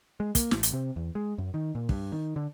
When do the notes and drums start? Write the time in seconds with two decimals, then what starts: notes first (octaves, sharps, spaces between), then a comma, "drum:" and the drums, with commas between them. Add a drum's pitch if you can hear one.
0.20 G#3
0.35 A#3, drum: kick, hi-hat
0.51 A1, drum: snare
0.63 drum: hi-hat
0.73 C3
0.96 E2
1.15 G#3
1.38 F#2
1.54 D#3
1.75 A#2
1.89 G2, drum: kick
2.12 D#3
2.36 D3